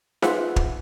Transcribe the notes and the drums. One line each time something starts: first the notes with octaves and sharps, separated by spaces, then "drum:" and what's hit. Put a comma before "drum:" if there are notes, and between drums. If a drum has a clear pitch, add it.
F4 G#4 B4 C5 E5 F#5, drum: snare D#4
drum: kick